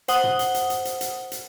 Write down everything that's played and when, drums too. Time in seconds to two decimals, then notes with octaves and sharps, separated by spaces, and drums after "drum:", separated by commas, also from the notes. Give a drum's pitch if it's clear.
0.08 C5 F#5 D#6 G7, drum: hi-hat
0.24 drum: tom
0.39 drum: hi-hat
0.54 drum: hi-hat
0.70 drum: hi-hat
0.85 drum: hi-hat
1.01 drum: hi-hat
1.32 drum: hi-hat